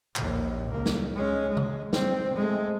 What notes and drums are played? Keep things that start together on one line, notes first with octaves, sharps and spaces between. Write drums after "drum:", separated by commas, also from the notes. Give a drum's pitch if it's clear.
A#1 D#2, drum: clap
C#2 A#3
drum: snare
G#3 C#4
G#3
drum: tom C3
C4, drum: snare
G#3 A3